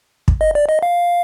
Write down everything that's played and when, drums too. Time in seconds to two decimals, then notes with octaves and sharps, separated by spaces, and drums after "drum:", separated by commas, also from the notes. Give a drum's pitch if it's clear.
0.28 drum: kick
0.41 D#5
0.55 D5
0.69 D#5
0.83 F5